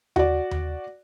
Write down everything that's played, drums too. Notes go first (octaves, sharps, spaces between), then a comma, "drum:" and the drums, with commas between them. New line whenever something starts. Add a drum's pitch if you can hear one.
F#4 D5, drum: tom D#2
drum: tom D#2